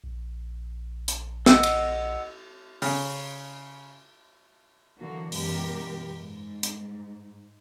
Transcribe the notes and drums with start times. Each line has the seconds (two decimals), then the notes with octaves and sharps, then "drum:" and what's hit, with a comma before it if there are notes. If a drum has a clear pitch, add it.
0.04 A#1
1.08 drum: hi-hat
1.46 D#5 F#5 E6, drum: snare
1.63 drum: cymbal
2.82 C#3, drum: open hi-hat
4.98 D3 E3 F#3 A#3 F#4
5.32 F#2 B2 E3 G#3 G4 A#4, drum: open hi-hat
6.18 G#2
6.63 drum: hi-hat